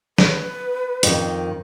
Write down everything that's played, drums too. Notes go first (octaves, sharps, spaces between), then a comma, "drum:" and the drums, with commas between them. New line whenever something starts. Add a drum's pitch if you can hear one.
B4, drum: snare
F2 D#3, drum: hi-hat